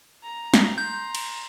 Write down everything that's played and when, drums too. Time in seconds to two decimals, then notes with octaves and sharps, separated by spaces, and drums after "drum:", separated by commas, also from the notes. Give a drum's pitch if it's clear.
0.23 A#5
0.54 drum: snare
0.78 A#5 C6 G6
1.15 drum: cymbal